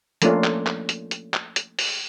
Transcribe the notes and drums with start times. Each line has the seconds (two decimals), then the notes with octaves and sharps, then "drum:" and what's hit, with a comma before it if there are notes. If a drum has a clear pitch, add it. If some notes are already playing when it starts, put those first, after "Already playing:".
0.22 F3 A3 A#3 C#4 D4 F4, drum: hi-hat
0.44 drum: clap
0.66 drum: clap
0.89 drum: hi-hat
1.11 drum: hi-hat
1.34 drum: clap
1.56 drum: hi-hat
1.79 drum: open hi-hat